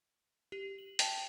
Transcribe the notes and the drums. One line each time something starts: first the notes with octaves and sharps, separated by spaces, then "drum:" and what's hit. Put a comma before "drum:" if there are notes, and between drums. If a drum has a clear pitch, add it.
G4
F#7
G5 A5, drum: hi-hat